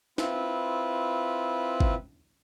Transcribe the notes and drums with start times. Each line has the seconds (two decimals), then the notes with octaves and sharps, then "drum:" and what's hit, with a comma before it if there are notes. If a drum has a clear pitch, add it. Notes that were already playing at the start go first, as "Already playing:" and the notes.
0.18 C4 E4 F4 B4, drum: snare
1.80 drum: kick